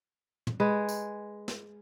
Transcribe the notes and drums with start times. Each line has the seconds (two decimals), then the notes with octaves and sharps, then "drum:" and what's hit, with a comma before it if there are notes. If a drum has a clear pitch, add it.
0.47 drum: tom
0.60 G#3 G#4 B4
0.89 drum: tambourine
1.48 drum: snare